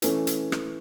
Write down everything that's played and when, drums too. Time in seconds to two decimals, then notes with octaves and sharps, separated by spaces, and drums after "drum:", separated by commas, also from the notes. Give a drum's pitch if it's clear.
0.02 E3 A3 C#4, drum: hi-hat
0.27 drum: hi-hat
0.52 drum: rim click